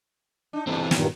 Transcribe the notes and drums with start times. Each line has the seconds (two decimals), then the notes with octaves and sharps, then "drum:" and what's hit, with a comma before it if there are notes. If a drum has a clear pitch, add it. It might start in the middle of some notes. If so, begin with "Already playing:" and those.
0.53 D4 D#4
0.67 A#2 E3 G3 A3 C4
0.91 G2 A#2 D#3 F#3, drum: snare